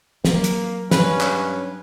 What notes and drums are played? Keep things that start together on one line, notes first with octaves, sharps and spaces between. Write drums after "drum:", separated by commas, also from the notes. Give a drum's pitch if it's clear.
F#3 A#3, drum: snare
drum: hi-hat
G2 C#4 B4, drum: snare
drum: clap